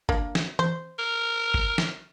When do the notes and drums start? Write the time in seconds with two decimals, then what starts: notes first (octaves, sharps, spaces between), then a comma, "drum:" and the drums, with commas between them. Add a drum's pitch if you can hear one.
0.09 A#3 D4, drum: kick G1
0.35 drum: snare
0.59 C5, drum: tom
0.99 A#4
1.54 drum: kick G1
1.78 drum: snare